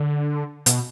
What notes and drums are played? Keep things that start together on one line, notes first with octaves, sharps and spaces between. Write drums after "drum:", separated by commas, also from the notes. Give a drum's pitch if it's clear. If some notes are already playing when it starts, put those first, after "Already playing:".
Already playing: D3
B2, drum: hi-hat